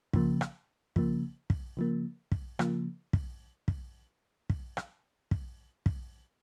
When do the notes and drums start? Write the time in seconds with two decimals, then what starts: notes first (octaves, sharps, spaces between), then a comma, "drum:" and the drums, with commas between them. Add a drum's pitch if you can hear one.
0.13 C#3 F3 A#3, drum: kick
0.41 drum: rim click
0.96 C#3 F3 A#3, drum: kick
1.50 drum: kick
1.77 C#3 F3 A#3
2.32 drum: kick
2.59 C#3 F3 A#3, drum: rim click
3.13 drum: kick
3.68 drum: kick
4.50 drum: kick
4.77 drum: rim click
5.31 drum: kick
5.86 drum: kick